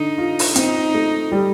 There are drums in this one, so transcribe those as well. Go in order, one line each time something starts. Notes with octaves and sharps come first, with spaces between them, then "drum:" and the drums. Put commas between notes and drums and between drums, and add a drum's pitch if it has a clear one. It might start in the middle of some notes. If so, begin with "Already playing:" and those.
Already playing: D3 D#4
F4
drum: open hi-hat
C4 D#4, drum: hi-hat
A3
G3